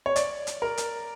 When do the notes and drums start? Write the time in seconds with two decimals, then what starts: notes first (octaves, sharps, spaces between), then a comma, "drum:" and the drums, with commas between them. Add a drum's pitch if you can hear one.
0.06 C#5
0.16 D5, drum: hi-hat
0.47 drum: hi-hat
0.62 A#4
0.77 drum: hi-hat